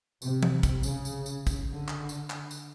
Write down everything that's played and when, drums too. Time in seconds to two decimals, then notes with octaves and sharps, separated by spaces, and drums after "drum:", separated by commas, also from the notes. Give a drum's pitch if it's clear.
0.22 C3, drum: tambourine
0.43 drum: tom E3
0.63 drum: kick, tambourine
0.83 C#3, drum: tambourine
1.05 drum: tambourine
1.26 drum: tambourine
1.47 drum: kick, tambourine
1.71 D3
1.88 drum: clap
2.09 drum: tambourine
2.30 drum: clap
2.51 drum: tambourine